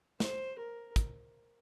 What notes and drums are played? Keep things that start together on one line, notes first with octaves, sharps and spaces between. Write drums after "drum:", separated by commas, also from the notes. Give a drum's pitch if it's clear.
C5, drum: snare
A#4
drum: kick, hi-hat